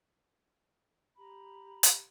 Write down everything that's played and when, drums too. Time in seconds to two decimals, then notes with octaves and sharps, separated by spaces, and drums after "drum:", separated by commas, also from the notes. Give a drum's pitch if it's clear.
1.17 G4 A#5 B5
1.83 drum: hi-hat